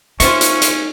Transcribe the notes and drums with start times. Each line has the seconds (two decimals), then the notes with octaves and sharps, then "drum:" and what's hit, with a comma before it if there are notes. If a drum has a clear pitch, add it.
0.20 C#4 D#4 F4 C5 E5 C#6, drum: hi-hat
0.41 drum: hi-hat
0.62 drum: hi-hat